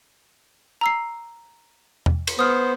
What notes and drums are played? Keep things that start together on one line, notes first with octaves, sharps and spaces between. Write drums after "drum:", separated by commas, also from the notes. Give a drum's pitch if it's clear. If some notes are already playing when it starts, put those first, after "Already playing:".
A#5 E6 C7
drum: tom E2
drum: cymbal
B3 C5 D#6 F6